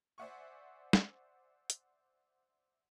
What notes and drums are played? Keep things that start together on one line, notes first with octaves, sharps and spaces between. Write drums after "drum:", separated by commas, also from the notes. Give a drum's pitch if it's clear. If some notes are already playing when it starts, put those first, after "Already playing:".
C5 D5 E5 F#5 G#5 C#6
drum: snare
drum: hi-hat